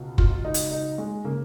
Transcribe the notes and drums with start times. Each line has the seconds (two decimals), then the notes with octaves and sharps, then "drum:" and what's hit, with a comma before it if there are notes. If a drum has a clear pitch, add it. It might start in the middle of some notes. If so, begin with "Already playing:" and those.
Already playing: C#2 B2
0.18 F4, drum: kick
0.45 D#4
0.54 drum: hi-hat
0.71 D#4
0.98 G#3
1.24 C#3 A#3